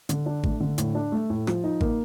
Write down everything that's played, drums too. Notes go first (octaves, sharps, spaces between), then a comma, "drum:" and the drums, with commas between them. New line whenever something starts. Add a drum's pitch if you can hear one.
D3, drum: hi-hat
D4
A3, drum: kick G#1
D3
A2, drum: hi-hat
D4
A3
A2
F3, drum: rim click
D#4
A#3, drum: kick G#1